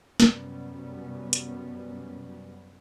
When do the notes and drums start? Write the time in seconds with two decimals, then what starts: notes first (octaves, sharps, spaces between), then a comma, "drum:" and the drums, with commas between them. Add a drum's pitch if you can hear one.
0.20 F#2 C3 F#3 G3 B3 C#4, drum: snare
1.33 drum: hi-hat